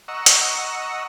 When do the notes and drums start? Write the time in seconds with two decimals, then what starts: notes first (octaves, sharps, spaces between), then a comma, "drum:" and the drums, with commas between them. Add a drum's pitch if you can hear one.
0.08 D#5 F#5 A#5 C#6 E6
0.26 drum: hi-hat